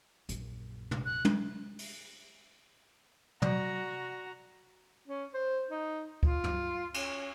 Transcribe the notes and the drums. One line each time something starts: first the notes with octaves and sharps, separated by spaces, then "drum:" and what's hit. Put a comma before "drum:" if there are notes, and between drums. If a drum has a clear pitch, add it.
A#1 F#2, drum: hi-hat
drum: tom
F#6
drum: tom
drum: open hi-hat
F#4 D5 A#5, drum: tom
C#4
C5
D#4
F4, drum: kick D2
drum: tom
C#4, drum: cymbal